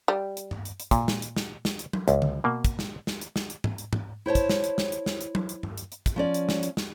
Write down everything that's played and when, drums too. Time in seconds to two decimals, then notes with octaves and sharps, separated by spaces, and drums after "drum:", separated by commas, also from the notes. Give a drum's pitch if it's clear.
0.08 G3
0.37 drum: hi-hat
0.51 drum: tom G2
0.65 drum: hi-hat
0.80 drum: hi-hat
0.91 A#2, drum: kick, hi-hat
1.08 drum: snare
1.22 drum: hi-hat
1.37 drum: snare
1.65 drum: snare
1.79 drum: hi-hat
1.93 drum: tom F#3
2.08 C#2, drum: hi-hat
2.22 drum: tom
2.44 B2 A#3
2.65 drum: kick, hi-hat
2.79 drum: snare
3.07 drum: snare
3.21 drum: hi-hat
3.36 drum: snare
3.50 drum: hi-hat
3.64 drum: tom G#2
3.78 drum: hi-hat
3.93 drum: tom G#2
4.26 E4 C5 C#5 A5
4.35 drum: kick, hi-hat
4.49 drum: snare
4.64 drum: hi-hat
4.78 drum: snare
4.92 drum: hi-hat
5.06 drum: snare
5.21 drum: hi-hat
5.35 drum: tom F#3
5.49 drum: hi-hat
5.63 drum: tom G2
5.78 drum: hi-hat
5.92 drum: hi-hat
6.06 drum: kick, hi-hat
6.16 F3 C#4 D5
6.34 drum: hi-hat
6.49 drum: snare
6.63 drum: hi-hat
6.77 drum: snare